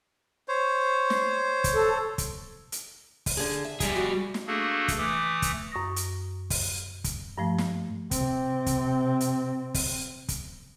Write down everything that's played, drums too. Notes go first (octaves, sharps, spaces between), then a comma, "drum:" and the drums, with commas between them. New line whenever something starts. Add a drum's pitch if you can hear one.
C5 C#5
drum: snare
drum: kick, hi-hat
A4
drum: kick, hi-hat
drum: hi-hat
drum: kick, open hi-hat
D3 G#4
E5
G3 G#4, drum: kick, hi-hat
F#4
drum: snare
A3 A#3 D4 F#4 G#4 A4
drum: kick, hi-hat
E3 A3 D6 D#6
drum: kick, hi-hat
F#2 C#6 D#6 A#6
drum: hi-hat
drum: kick, open hi-hat
drum: kick, hi-hat
G2 F3 A3
drum: snare
C3 C4, drum: kick, hi-hat
drum: kick, hi-hat
drum: hi-hat
drum: kick, open hi-hat
drum: kick, hi-hat